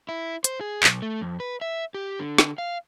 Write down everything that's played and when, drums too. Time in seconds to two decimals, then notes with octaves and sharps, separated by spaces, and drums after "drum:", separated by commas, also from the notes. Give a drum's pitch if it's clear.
0.09 E4
0.44 C5, drum: hi-hat
0.61 G#4
0.83 B1, drum: clap
1.02 A3
1.21 F2
1.40 B4
1.61 E5
1.94 G4
2.19 D3
2.38 drum: snare
2.58 F5